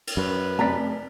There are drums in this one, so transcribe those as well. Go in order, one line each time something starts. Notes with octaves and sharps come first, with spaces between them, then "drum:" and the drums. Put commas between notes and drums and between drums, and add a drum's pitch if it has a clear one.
drum: cymbal
F#2 B4
F1 D5 A#5 B6